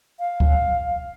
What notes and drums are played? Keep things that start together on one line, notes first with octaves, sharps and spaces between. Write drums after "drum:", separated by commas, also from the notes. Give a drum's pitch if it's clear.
F5
drum: kick D2